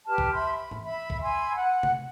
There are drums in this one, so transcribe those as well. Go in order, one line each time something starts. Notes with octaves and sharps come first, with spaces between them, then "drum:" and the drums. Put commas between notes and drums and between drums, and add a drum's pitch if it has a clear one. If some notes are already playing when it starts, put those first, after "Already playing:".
G4 B4 A5 F6
drum: kick B1
E5 B5 C6
B5
drum: tom G#2
E5 B5
drum: kick B1
G#5 B5 C6 E6
F#5
drum: tom C3